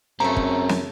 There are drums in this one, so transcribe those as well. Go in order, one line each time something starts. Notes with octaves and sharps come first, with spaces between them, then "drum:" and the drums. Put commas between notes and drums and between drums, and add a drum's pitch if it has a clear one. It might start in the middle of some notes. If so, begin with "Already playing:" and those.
F#2 C#3 A3 C4 C#4 A#5
drum: kick
drum: snare